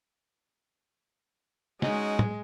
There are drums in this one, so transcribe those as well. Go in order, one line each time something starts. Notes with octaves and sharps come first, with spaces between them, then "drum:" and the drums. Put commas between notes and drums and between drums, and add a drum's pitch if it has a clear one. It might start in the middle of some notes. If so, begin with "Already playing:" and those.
G#3 C#4 D#4 F#4, drum: snare
drum: tom